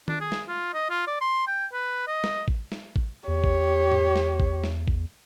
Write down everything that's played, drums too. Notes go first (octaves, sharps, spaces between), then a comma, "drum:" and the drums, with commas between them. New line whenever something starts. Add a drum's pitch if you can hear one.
D4, drum: tom D#3
G#4
drum: snare G#3
F4
D#5
F4
D5
C6
G5
B4
D#5
drum: snare G#3
drum: kick A1
drum: snare G#3
drum: kick A1
E2 G4 C#5
drum: kick A1
drum: tom G#2
drum: snare G#3
drum: kick A1
drum: snare G#3
drum: kick A1